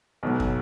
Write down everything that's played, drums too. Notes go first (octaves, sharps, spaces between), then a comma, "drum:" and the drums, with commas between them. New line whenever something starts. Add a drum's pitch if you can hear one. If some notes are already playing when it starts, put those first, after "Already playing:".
B1 B2 F#3
drum: kick